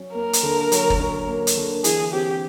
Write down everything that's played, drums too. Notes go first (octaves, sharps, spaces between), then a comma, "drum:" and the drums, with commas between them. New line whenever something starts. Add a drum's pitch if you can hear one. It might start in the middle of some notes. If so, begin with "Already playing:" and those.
Already playing: F#3 C#4
A#3 A#4
drum: hi-hat
D3
F#3, drum: hi-hat
drum: kick
C#4
A#3
drum: hi-hat
D3
E3 G#4, drum: hi-hat
C4 G4